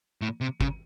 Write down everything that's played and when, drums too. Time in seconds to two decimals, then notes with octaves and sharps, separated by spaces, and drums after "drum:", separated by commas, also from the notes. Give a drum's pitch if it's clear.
0.22 A2
0.41 C3
0.61 C#3, drum: kick